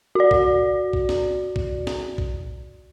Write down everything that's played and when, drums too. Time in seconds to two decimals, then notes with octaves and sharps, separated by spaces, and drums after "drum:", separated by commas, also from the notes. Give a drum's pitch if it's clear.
0.15 F#4 D5
0.31 drum: kick B1
0.93 drum: kick B1
1.09 drum: snare
1.56 drum: kick B1
1.87 drum: snare
2.18 drum: kick B1